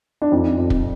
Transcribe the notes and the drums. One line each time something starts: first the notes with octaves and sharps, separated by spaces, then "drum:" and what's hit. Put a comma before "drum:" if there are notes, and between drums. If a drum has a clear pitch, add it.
D4
F2 D#4
F2
drum: kick